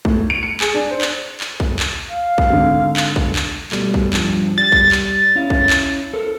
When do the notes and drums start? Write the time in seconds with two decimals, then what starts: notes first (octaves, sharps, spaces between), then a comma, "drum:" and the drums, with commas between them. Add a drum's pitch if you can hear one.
0.05 A2, drum: kick A#1
0.30 D7
0.43 C#7
0.61 G#4, drum: clap
0.74 D4
0.91 C5
1.01 drum: clap
1.40 drum: clap
1.60 drum: kick A#1
1.79 drum: clap
2.11 F5
2.38 drum: kick A#1
2.49 G#1 D3
2.97 drum: clap
3.16 drum: kick A#1
3.36 drum: clap
3.72 B2 G3 A3, drum: clap
3.94 drum: kick A#1
4.13 G2 F3, drum: clap
4.58 G3 A6
4.72 drum: kick A#1
4.92 drum: clap
5.35 C#4 E4 F5
5.50 drum: kick A#1
5.70 drum: clap
6.14 A4 A#4 C5